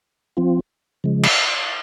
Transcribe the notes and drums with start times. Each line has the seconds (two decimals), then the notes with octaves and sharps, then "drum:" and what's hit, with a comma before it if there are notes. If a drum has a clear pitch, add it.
0.37 F3 C4 F4
1.04 C#3 F3 G#3
1.23 drum: cymbal